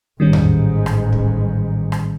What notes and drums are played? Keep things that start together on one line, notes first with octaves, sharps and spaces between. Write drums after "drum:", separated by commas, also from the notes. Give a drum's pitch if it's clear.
A1 G#2 D#3 G3 C#4
drum: tom E2
drum: rim click
drum: kick
drum: rim click